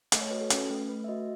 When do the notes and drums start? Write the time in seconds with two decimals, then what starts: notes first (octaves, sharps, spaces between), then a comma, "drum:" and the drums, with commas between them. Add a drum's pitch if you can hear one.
0.12 A3 D#5, drum: hi-hat
0.21 C#5
0.31 F#4 B4
0.41 A4
0.50 C#4 B4, drum: hi-hat
0.70 A3 B4
0.89 A3 B4
1.04 E5
1.08 F#4 D#5